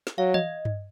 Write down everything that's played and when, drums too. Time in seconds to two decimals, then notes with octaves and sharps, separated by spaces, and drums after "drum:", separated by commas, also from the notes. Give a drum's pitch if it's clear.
0.07 drum: snare
0.18 F#3 F5
0.34 D#5, drum: tom E3
0.65 drum: tom G2